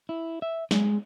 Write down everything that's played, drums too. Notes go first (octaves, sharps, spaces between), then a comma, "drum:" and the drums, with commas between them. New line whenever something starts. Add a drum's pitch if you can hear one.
E4
E5
G#3, drum: snare